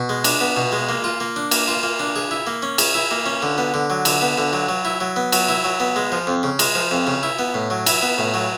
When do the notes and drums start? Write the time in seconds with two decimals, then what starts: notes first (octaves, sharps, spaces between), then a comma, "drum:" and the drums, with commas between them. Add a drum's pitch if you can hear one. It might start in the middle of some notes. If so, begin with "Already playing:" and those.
Already playing: B2
0.09 G#3
0.24 D4, drum: cymbal
0.41 B3
0.57 B2
0.72 G#3
0.89 A#3
1.04 F4
1.20 A#3
1.36 D4
1.51 A#3, drum: cymbal
1.68 F4
1.83 A#3
1.99 D4
2.16 G#4
2.31 E4
2.47 A#3
2.63 C#4
2.78 G#4, drum: cymbal
2.94 E4
3.11 A#3
3.26 C#4
3.42 D3
3.58 B3
3.74 D3
3.90 F#3
4.05 D3, drum: cymbal
4.22 B3
4.38 D3
4.53 F#3
4.69 F#3
4.85 E4
5.01 F#3
5.16 B3
5.32 F#3, drum: cymbal
5.49 E4
5.64 F#3
5.80 B3
5.96 G#3
6.12 F3
6.27 F2
6.43 C#3
6.59 G#3, drum: cymbal
6.75 F3
6.91 F2
7.07 C#3
7.23 E4
7.39 B3
7.54 A2
7.70 F#3
7.86 E4, drum: cymbal
8.02 B3
8.18 A2
8.34 F#3